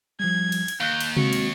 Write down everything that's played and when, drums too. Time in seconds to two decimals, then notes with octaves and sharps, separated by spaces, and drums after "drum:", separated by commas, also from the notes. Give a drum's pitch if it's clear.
0.20 F3 G3 G#6
0.52 drum: cymbal
0.68 drum: cymbal
0.80 D#2 F5 F#6 G6
1.00 drum: cymbal
1.17 G#3 C4 F#4 C#6, drum: tom C3
1.33 drum: cymbal